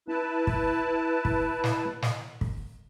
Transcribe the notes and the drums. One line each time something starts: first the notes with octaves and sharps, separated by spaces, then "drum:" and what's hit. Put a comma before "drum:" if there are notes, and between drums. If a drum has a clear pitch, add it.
E4 B4 A5
drum: kick
drum: kick
drum: snare
drum: snare
drum: kick